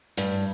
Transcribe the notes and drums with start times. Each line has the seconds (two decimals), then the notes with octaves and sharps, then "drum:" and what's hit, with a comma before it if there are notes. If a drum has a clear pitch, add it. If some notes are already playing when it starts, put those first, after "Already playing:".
0.17 G2, drum: hi-hat